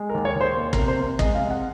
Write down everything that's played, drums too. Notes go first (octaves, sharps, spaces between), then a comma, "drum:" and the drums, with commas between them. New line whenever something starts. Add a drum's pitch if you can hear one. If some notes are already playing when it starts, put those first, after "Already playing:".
Already playing: G#3
A#4
D#2
C#5
D#2
C5
A#3
A#4, drum: kick
C3
C5
C3
G#3 D#5, drum: kick
F5
C3
F#5